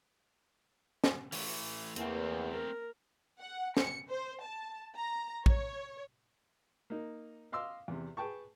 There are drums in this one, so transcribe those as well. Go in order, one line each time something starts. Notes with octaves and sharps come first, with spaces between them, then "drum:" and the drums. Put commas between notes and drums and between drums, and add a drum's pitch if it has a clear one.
drum: snare
E3 A3, drum: open hi-hat
E2 A3 A#3 C4, drum: hi-hat
A#4
F#5
C#7, drum: snare
C5
A5
A#5
C#5, drum: kick
A#3 D#4
D#5 F5 C6 D6 E6
E2 C3
G#4 B4 G5 A5 C#6